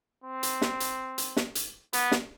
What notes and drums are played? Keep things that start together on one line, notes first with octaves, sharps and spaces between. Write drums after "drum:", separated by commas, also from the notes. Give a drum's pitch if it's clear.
C4
drum: hi-hat
drum: snare
drum: hi-hat
drum: hi-hat
drum: snare
drum: hi-hat
B3, drum: hi-hat
drum: snare